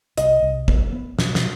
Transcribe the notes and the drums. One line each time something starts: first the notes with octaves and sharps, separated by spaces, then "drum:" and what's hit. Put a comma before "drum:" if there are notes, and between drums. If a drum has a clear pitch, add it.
C2 D#5, drum: hi-hat
C2
B3, drum: kick
B3
B2, drum: snare
drum: snare